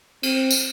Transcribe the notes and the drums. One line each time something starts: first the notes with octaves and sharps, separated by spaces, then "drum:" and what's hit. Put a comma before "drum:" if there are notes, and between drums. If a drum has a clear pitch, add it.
C4, drum: cymbal
drum: tambourine